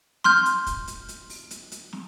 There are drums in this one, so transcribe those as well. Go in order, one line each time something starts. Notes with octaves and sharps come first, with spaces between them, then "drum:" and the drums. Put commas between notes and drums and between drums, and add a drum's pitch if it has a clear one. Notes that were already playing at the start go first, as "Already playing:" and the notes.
C6 F6 G6, drum: snare
drum: hi-hat
drum: kick, hi-hat
drum: hi-hat
drum: hi-hat
drum: open hi-hat
drum: hi-hat
drum: hi-hat
drum: snare